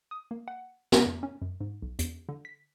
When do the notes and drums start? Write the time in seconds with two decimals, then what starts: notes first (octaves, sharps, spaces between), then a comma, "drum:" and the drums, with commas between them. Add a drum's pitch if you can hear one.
0.11 D#6
0.31 A#3
0.48 F#5
0.92 F#5, drum: snare
1.06 F2
1.23 C#4
1.42 F#2
1.61 G#2
1.82 B1
1.99 E2, drum: hi-hat
2.29 D3
2.45 B6